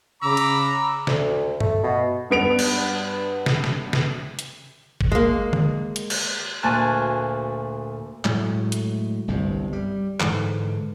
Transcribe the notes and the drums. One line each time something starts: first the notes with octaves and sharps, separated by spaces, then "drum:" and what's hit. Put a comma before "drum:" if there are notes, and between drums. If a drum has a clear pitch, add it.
C#3 A#5 B5 D6 E6
drum: cymbal
D2, drum: snare
A3, drum: tom G2
B2
G2 B3 D7 F7
drum: cymbal
drum: snare
drum: snare
drum: snare
drum: hi-hat
drum: kick G#1
G#3 A#3
drum: tom
drum: hi-hat
drum: cymbal
D2 A#2 G#5 A5 F#6
A2 F#3 G#3 A3, drum: clap
drum: hi-hat
G1 C2 G2 C3
G3
G#2 D3 E3, drum: clap